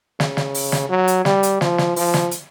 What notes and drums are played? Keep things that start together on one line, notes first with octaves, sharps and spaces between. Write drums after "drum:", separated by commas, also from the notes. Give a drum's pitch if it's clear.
C#3, drum: snare
drum: snare
drum: open hi-hat
drum: snare
F#3
drum: hi-hat
G3, drum: snare
drum: hi-hat
F3, drum: snare
drum: snare
F3, drum: open hi-hat
drum: snare
drum: hi-hat